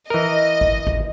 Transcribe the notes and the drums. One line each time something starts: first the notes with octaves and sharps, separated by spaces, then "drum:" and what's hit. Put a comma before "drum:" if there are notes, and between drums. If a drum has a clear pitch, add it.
E3 A#4 D#5
drum: kick G#1
drum: kick G#1